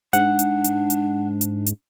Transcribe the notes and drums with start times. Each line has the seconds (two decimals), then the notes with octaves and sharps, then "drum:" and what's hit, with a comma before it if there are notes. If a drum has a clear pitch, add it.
0.13 G#2 D4 F#5, drum: hi-hat
0.39 drum: hi-hat
0.64 drum: hi-hat
0.90 drum: hi-hat
1.41 drum: hi-hat
1.66 drum: hi-hat